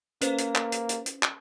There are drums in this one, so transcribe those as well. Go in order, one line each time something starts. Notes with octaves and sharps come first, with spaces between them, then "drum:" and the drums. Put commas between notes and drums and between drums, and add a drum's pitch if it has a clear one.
A#3 C#4 B4 C5, drum: hi-hat
drum: hi-hat
drum: clap
drum: hi-hat
drum: hi-hat
drum: hi-hat
drum: clap